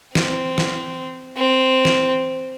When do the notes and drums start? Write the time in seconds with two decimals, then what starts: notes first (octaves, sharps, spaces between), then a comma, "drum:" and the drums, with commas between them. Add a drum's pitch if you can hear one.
0.15 C4, drum: snare
0.58 drum: snare
1.37 C4
1.85 drum: snare